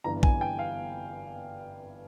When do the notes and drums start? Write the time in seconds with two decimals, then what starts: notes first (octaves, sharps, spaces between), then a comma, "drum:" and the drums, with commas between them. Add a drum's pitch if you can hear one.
0.04 G1 G2 E3 A#5
0.23 G#5, drum: kick
0.41 G5
0.59 F5